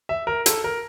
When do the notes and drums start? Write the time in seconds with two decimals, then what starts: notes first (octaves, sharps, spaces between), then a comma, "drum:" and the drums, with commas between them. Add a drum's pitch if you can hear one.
0.09 E5
0.27 A#4
0.46 A4, drum: hi-hat
0.64 A#4